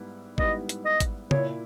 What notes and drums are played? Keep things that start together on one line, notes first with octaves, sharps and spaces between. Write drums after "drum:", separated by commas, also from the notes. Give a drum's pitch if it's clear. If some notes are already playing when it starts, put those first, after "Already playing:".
Already playing: G#2 G3 B3 E4
G#2 G3 B3 E4 D#5, drum: kick G#1
drum: hi-hat
D#5
drum: kick G#1, hi-hat
A#2 A#3 E4 C#5, drum: tom C#3